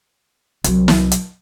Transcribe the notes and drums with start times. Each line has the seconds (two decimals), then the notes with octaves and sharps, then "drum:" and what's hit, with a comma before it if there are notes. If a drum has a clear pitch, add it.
0.64 C2 F#3, drum: hi-hat
0.88 drum: snare
1.12 drum: hi-hat